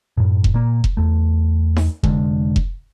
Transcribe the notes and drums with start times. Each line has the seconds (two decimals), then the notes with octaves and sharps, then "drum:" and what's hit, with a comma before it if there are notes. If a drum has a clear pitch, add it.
0.17 F#2 A2
0.44 drum: kick F1
0.54 A#2 A#3
0.84 drum: kick F1
0.97 E2 A3
1.76 drum: snare D#4
2.03 F1 D3 G#3, drum: kick F1
2.56 drum: kick F1